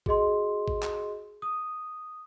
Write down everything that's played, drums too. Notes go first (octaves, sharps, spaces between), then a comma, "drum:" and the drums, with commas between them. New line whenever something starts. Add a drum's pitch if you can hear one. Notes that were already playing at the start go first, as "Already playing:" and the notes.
F#4 G#4 D#5 C6, drum: kick G#1
drum: kick G#1
drum: clap
D#6